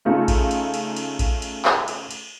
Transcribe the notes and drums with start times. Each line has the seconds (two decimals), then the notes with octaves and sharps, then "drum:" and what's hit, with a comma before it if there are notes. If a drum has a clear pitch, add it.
0.05 C#3 A3 D#4 F4
0.28 drum: kick A#1, cymbal
0.51 drum: cymbal
0.74 drum: cymbal
0.97 drum: cymbal
1.19 drum: kick A#1, cymbal
1.42 drum: cymbal
1.65 drum: clap
1.88 drum: cymbal
2.11 drum: cymbal